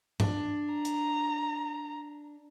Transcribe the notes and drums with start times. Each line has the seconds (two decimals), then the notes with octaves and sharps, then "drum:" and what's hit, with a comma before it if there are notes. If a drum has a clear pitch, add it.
0.20 D4, drum: tom G2
0.74 A#5
0.85 drum: hi-hat